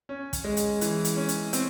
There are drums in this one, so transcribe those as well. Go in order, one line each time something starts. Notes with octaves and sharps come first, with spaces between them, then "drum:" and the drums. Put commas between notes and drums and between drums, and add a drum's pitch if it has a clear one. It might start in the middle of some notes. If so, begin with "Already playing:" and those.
C#4
drum: kick, hi-hat
G#3
drum: hi-hat
E3, drum: hi-hat
drum: hi-hat
C#4
drum: hi-hat
C4, drum: hi-hat